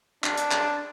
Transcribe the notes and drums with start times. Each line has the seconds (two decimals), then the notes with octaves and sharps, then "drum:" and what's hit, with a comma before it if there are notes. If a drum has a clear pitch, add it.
0.24 D4, drum: clap
0.37 drum: hi-hat
0.51 drum: clap